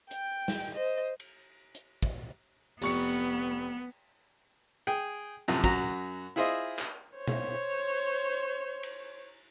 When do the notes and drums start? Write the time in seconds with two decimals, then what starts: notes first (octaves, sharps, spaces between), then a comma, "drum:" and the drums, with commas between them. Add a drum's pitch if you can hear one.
0.11 G5, drum: hi-hat
0.48 drum: snare
0.75 C5 D#5
1.20 drum: cymbal
1.75 drum: hi-hat
2.03 drum: kick
2.82 F1 B3 C#6 C#7, drum: cymbal
4.87 G#4 G5
5.48 F#2 A2 C3 F3
5.64 F#2 F#4 A#5, drum: kick
6.36 E4 F4 G#4 C5 D#5 E5
6.79 drum: clap
7.17 C5 C#5
7.28 drum: tom B2
8.83 drum: cymbal